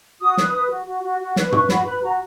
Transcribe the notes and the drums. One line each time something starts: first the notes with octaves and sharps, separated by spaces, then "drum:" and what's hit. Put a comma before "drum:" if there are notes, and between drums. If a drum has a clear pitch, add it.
F#4 D#6
B4, drum: snare
B4
F#4
F#4
F#4
F#4
B4, drum: snare
B4 C#6, drum: tom
F#4 B5, drum: snare
B4 B5
F#4 A#5